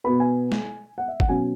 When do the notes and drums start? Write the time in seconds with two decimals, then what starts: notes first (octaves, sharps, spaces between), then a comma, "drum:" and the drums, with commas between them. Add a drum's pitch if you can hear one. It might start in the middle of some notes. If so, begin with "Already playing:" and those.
0.04 B2 B3 B5
0.20 G#5
0.52 drum: snare
0.98 F#5
1.08 E5
1.20 F#5, drum: kick
1.29 B2 F#3 C#4 G#5